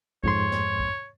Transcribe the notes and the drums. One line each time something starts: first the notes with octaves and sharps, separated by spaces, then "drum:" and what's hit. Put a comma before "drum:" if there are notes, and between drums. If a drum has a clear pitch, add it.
F2 G#2 C#5 C6, drum: kick
drum: snare
drum: kick